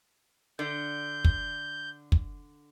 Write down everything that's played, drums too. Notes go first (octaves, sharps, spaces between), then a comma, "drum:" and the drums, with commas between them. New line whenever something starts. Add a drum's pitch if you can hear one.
D3 G6
drum: kick
drum: kick